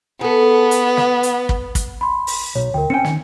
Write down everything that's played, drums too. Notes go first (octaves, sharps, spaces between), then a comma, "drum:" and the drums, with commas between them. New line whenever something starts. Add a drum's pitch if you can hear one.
B3 G#4 A4
drum: hi-hat
drum: snare
drum: hi-hat
drum: kick
drum: kick, hi-hat
B5 C6
drum: open hi-hat
B1 C#5
D2 A#4 G5
C4 C#4 G5 G#5 C#7
D#3, drum: snare